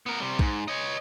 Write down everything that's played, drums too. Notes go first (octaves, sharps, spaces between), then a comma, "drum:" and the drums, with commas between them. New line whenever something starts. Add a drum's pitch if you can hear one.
B3 A#4
C3 G3
G#2, drum: kick
C#5 D#5